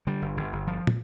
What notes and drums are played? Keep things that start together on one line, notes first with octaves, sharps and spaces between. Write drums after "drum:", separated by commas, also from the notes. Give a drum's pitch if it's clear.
D3 G3
G1
G1
G1
G1 F3
drum: tom